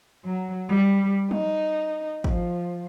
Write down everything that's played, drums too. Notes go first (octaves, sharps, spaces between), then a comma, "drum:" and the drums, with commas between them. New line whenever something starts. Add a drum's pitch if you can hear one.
F#3
G3
D#4, drum: tom
F3, drum: kick